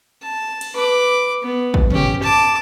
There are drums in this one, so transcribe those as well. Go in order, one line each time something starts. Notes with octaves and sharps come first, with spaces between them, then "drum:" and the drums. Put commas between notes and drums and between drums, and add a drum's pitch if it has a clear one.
A5
drum: cymbal
B4 D6
B3
drum: kick
C#4 G4, drum: tom
A5 D6